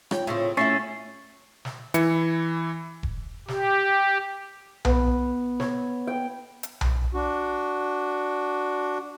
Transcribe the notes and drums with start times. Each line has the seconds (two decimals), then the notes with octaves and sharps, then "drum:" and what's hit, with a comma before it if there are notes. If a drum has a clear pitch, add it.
0.11 F4 C#5 G5, drum: rim click
0.27 A2 C#3 C4
0.57 A3 C#4 E4 G#4 E5 C#6 A6 C7
1.65 drum: snare
1.94 E3 E4 C#7, drum: hi-hat
3.03 drum: kick E1
3.48 G4, drum: snare
4.85 B3, drum: tom B1
5.60 C#5, drum: snare
6.07 G5
6.63 drum: hi-hat
6.81 drum: tom B1
7.14 D4 F#4